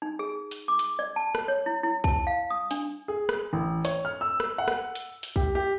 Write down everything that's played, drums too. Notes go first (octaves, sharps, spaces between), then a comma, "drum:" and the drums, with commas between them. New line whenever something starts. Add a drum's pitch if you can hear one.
D#4
G#4
drum: hi-hat
D6
drum: hi-hat
D5
A5
drum: rim click
C#5
E4
E4
A5, drum: kick
F5
D#6
D4, drum: hi-hat
G#4
drum: rim click
A1
C#5, drum: hi-hat
F6
E6
drum: rim click
F#5
drum: rim click
drum: hi-hat
drum: hi-hat
G4, drum: kick
G4